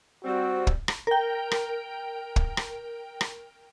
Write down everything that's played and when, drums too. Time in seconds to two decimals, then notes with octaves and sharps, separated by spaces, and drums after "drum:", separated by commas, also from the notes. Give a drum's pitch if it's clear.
0.25 G3 C4 F#4
0.67 drum: kick
0.88 drum: rim click
1.07 A#4 G5
1.51 drum: rim click
2.36 drum: kick
2.57 drum: rim click
3.21 drum: rim click